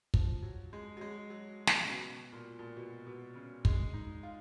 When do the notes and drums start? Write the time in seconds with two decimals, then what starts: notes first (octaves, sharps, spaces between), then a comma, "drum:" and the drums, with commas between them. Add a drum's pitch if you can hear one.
0.14 F3, drum: kick
0.43 F#3
0.73 G#3
0.97 F#3
1.01 G#3
1.30 F#3
1.67 drum: snare
1.83 C#3
1.89 B2
2.32 A#2
2.59 A#2
2.77 B2
3.07 B2
3.36 C#3
3.65 G#3, drum: kick
3.94 D#4
4.23 F4